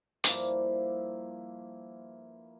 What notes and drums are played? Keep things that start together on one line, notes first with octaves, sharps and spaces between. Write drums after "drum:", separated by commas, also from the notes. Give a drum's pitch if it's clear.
G2 F3 A#3 E4, drum: hi-hat